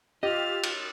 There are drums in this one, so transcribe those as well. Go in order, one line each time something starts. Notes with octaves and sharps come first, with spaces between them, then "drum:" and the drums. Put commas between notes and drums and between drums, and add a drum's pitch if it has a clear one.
F4 G4 D#5 E6 F6 A6
drum: cymbal